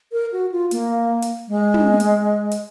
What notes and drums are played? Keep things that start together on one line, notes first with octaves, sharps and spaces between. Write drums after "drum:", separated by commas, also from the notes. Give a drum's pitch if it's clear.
A#4
F#4
F4
A#3, drum: hi-hat
drum: hi-hat
G#3
drum: tom
drum: hi-hat
drum: hi-hat